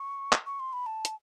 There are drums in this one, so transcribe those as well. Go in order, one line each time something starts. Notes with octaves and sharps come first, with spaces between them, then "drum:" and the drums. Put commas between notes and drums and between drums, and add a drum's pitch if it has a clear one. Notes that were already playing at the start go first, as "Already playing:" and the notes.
Already playing: C#6
drum: clap
C#6
C6
B5
A5
drum: hi-hat